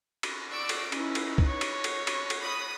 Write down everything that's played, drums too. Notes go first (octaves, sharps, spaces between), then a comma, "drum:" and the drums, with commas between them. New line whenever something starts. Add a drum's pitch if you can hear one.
drum: cymbal
D5 C#6 E6 D7
drum: cymbal
C#4 D#4 E4 B4, drum: cymbal
drum: cymbal
drum: kick
C#5
drum: cymbal
drum: cymbal
drum: cymbal
drum: cymbal
B5 D#6